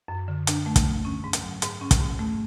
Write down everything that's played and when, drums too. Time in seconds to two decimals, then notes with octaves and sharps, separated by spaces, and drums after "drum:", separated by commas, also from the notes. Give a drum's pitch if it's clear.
0.08 F#2
0.28 D3
0.47 D4, drum: hi-hat
0.66 A3
0.76 drum: kick, hi-hat
0.86 F#2
1.05 C#4
1.24 G#2
1.33 drum: hi-hat
1.43 F#3
1.62 G#2, drum: hi-hat
1.81 C#4
1.91 drum: kick, hi-hat
2.01 G#2
2.19 A3